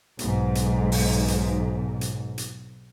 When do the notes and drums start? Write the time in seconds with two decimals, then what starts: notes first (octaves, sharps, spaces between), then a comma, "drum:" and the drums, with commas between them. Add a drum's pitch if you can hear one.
0.19 B1 G#2, drum: hi-hat
0.55 drum: hi-hat
0.92 drum: open hi-hat
1.28 drum: hi-hat
2.01 drum: hi-hat
2.38 drum: hi-hat